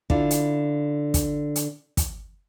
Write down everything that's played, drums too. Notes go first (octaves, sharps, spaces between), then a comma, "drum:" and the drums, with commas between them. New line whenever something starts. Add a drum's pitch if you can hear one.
D3 E4 F4, drum: kick
drum: hi-hat
drum: kick, hi-hat
drum: hi-hat
drum: kick, hi-hat